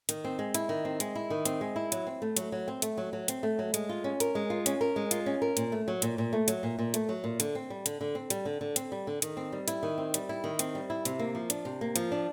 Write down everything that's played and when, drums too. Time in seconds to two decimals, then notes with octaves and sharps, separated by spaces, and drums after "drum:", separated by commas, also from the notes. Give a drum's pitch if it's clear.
0.09 D#3, drum: hi-hat
0.24 C4
0.39 G#3
0.54 E4, drum: hi-hat
0.69 D#3
0.85 C4
1.00 G#3, drum: hi-hat
1.15 E4
1.30 D#3
1.45 C4, drum: hi-hat
1.61 G#3
1.76 E4
1.92 F#3, drum: hi-hat
2.07 C4
2.22 A3
2.37 F#3, drum: hi-hat
2.52 F#3
2.68 C4
2.82 A3, drum: hi-hat
2.98 F#3
3.13 F#3
3.28 C4, drum: hi-hat
3.43 A3
3.59 F#3
3.74 G#3, drum: hi-hat
3.89 F4
4.04 C#4
4.20 A#4, drum: hi-hat
4.35 G#3
4.50 F4
4.66 C#4, drum: hi-hat
4.81 A#4
4.96 G#3
5.11 F4, drum: hi-hat
5.26 C#4
5.42 A#4
5.57 A#2, drum: hi-hat
5.72 A3
5.88 F#3
6.02 A#2, drum: hi-hat
6.18 A#2
6.33 A3
6.48 F#3, drum: hi-hat
6.63 A#2
6.79 A#2
6.94 A3, drum: hi-hat
7.09 F#3
7.24 A#2
7.40 D3, drum: hi-hat
7.55 C4
7.70 G3
7.86 D3, drum: hi-hat
8.01 D3
8.15 C4
8.30 G3, drum: hi-hat
8.45 D3
8.61 D3
8.76 C4, drum: hi-hat
8.92 G3
9.07 D3
9.22 D#3, drum: hi-hat
9.37 C4
9.52 G3
9.68 E4, drum: hi-hat
9.83 D#3
9.98 C4
10.14 G3, drum: hi-hat
10.29 E4
10.44 D#3
10.59 C4, drum: hi-hat
10.75 G3
10.90 E4
11.05 C3, drum: hi-hat
11.19 A#3
11.35 F3
11.50 D4, drum: hi-hat
11.65 C3
11.81 A#3
11.96 F3, drum: hi-hat
12.12 D4